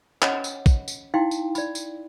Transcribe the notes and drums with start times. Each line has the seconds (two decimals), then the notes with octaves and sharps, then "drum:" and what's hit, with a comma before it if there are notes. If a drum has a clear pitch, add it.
0.22 C#4 C#5 D#5 F#5 B5, drum: clap
0.44 drum: tambourine
0.66 drum: kick, tambourine
0.88 drum: tambourine
1.14 D#4 E4 F5 G5 C6
1.31 drum: tambourine
1.55 D5 B5, drum: tambourine
1.75 drum: tambourine